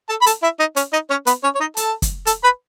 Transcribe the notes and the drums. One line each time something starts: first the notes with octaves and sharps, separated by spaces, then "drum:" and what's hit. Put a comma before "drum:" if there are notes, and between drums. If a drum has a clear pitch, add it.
A4 A5
B5
A4 A5, drum: hi-hat
E4 E5
D#4 D#5
C#4 C#5, drum: hi-hat
D#4 D#5
C#4 C#5
B3 B4, drum: hi-hat
C#4 C#5
C#5
D#4 D#5
A4 A5, drum: hi-hat
drum: kick, hi-hat
A4 A5, drum: hi-hat
B4 B5